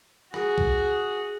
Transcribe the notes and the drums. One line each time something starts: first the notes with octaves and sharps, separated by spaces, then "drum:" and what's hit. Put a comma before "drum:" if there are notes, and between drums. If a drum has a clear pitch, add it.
F#4 G#4, drum: rim click
drum: kick B1